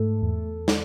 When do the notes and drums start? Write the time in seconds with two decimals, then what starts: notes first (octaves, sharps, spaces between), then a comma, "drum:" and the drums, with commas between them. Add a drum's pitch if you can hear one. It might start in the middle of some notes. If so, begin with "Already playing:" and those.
Already playing: G#2 A3 A4
0.22 E2
0.68 drum: snare